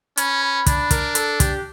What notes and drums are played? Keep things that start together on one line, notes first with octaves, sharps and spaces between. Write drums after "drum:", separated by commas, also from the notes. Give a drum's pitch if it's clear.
C#4 B4, drum: hi-hat
B4
D4 B4, drum: kick, hi-hat
A#4, drum: kick, hi-hat
A4, drum: hi-hat
G4, drum: kick, hi-hat